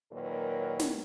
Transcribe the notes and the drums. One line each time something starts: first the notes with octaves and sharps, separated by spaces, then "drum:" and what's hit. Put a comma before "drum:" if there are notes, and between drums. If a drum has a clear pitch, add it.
D#2 A#2 F#3 A#4 B4
drum: snare